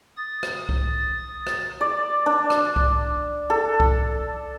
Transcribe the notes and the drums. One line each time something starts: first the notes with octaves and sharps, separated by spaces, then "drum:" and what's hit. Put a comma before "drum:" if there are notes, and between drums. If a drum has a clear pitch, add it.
D#6 A6
drum: rim click
drum: kick C2
drum: rim click
D5
D4
drum: rim click
drum: kick C2
A4
drum: kick C2